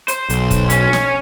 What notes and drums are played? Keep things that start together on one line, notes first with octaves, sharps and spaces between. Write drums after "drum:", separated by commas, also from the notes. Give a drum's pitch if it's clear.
C5, drum: hi-hat
B1, drum: hi-hat
drum: kick, hi-hat
C#4, drum: hi-hat
drum: snare